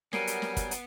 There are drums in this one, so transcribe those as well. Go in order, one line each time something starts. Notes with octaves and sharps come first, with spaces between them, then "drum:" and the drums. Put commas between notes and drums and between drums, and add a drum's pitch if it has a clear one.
F#3 G3 B3 A#4 G#5 C7 D7 D#7, drum: snare
drum: hi-hat
drum: snare
drum: kick, hi-hat
drum: hi-hat